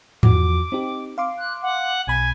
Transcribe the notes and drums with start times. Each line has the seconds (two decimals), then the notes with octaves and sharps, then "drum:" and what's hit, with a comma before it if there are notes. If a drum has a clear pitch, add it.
0.23 E2 F3 F#4 D6, drum: tom G#2
0.72 C4 D#4 G4
1.18 F5 C6 D6
1.38 F#6
1.62 F#5
2.07 B1 B2 G#5 B5